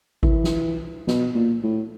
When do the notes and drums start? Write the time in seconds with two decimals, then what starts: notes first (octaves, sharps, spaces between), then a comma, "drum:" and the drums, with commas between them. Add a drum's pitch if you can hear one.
0.23 E3, drum: kick G#1
0.44 drum: snare
1.07 B2, drum: snare
1.35 A#2
1.63 A2